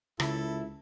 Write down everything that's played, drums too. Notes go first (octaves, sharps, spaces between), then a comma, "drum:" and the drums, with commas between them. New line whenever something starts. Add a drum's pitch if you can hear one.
C#2 C#3 E4 A4, drum: rim click